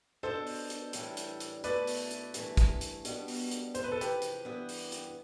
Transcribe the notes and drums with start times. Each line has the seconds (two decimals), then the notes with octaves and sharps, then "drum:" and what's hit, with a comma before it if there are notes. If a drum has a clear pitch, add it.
0.23 B2 B3 D4 A4 C5
0.46 drum: open hi-hat
0.70 drum: hi-hat
0.93 A2 E3 G3 D4, drum: hi-hat
1.17 drum: hi-hat
1.40 drum: hi-hat
1.64 B2 A3 E4 B4 D5, drum: hi-hat
1.87 drum: open hi-hat
2.11 drum: hi-hat
2.34 G2 E3 A3, drum: hi-hat
2.57 drum: kick, hi-hat
2.81 drum: hi-hat
3.05 B2 G3 B3 D4, drum: hi-hat
3.28 drum: open hi-hat
3.51 drum: hi-hat
3.75 E2 C3 F3 C5, drum: hi-hat
3.84 B4
3.92 A4
4.01 G4 B4, drum: hi-hat
4.22 drum: hi-hat
4.45 G2 E3 B3
4.68 drum: open hi-hat
4.92 drum: hi-hat